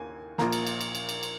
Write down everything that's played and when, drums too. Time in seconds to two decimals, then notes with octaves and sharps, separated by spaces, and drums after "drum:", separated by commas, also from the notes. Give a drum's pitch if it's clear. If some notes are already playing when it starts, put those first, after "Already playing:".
Already playing: D#2 A#3 G#5
0.38 A#1 A#2 F3 A#3 A#5, drum: snare
0.52 drum: cymbal
0.67 drum: cymbal
0.81 drum: cymbal
0.95 drum: cymbal
1.09 drum: cymbal
1.23 drum: cymbal